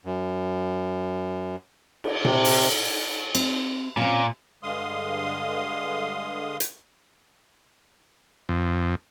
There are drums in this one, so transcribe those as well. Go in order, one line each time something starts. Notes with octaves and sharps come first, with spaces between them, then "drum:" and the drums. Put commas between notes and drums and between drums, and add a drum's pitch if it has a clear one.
F#2
drum: cymbal
C3, drum: tom A#2
drum: open hi-hat
C4, drum: cymbal
A#2 C4 C#4
G2 D3 G#3 F5 C6 D#6
drum: hi-hat
F2